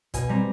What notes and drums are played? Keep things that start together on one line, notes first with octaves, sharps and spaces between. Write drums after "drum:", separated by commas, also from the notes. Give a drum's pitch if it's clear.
B2 G#5, drum: kick, hi-hat
G3 C4 A#5